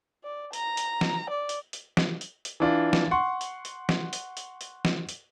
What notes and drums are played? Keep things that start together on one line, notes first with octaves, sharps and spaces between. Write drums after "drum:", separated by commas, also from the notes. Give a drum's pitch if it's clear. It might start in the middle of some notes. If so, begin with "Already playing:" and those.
D5
A#5, drum: hi-hat
drum: hi-hat
drum: snare
D5
drum: hi-hat
drum: hi-hat
drum: snare
drum: hi-hat
drum: hi-hat
E3 D4 F4
drum: snare
F#5 C6 C#6
drum: hi-hat
drum: hi-hat
drum: snare
drum: hi-hat
drum: hi-hat
drum: hi-hat
drum: snare
drum: hi-hat